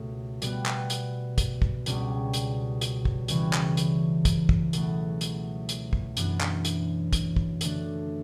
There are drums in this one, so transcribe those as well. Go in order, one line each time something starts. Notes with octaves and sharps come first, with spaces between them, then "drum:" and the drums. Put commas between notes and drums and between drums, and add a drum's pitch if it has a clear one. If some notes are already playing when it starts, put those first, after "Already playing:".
Already playing: C#2 B2 A3 A4
B2 G3 B3, drum: hi-hat
drum: clap
drum: hi-hat
drum: kick, hi-hat
drum: kick
C#2 B2 G3 C#4 G4, drum: hi-hat
drum: hi-hat
drum: hi-hat
drum: kick
C#3 E3 G3 C#4 E4, drum: hi-hat
drum: clap
drum: hi-hat
drum: kick, hi-hat
drum: kick
C#2 B2 F#3 A3 E4, drum: hi-hat
drum: hi-hat
drum: hi-hat
drum: kick
F#2 E3 B3 D4, drum: hi-hat
drum: clap
drum: hi-hat
drum: kick, hi-hat
drum: kick
D3 A3 D4, drum: hi-hat